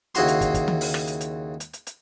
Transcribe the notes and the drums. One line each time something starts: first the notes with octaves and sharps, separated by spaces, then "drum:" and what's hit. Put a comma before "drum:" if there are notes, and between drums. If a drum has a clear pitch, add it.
D#2 C#3 E4 F#4 C6, drum: hi-hat
drum: hi-hat
drum: kick, hi-hat
drum: kick, hi-hat
drum: tom D#3
drum: open hi-hat
drum: rim click
drum: hi-hat
drum: hi-hat
drum: hi-hat
drum: hi-hat
drum: hi-hat